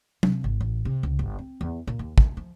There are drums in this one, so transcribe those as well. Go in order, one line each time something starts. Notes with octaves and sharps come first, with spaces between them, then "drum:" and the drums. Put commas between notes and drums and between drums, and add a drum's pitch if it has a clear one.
C3, drum: tom F#3
G#1
A1
C3
C#2
G1
C4
E2
A#2
D#2
G2, drum: kick
F3